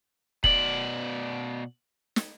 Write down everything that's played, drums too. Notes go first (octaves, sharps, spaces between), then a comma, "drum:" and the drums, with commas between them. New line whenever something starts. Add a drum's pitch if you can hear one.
B2 D5 F#7, drum: kick
drum: snare